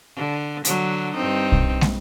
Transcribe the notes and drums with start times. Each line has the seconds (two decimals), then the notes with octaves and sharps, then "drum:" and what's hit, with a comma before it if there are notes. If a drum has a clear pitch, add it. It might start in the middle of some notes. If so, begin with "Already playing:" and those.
0.16 D3
0.65 D3 F#3, drum: hi-hat
1.15 G2 C4 D#4
1.52 drum: kick
1.81 drum: snare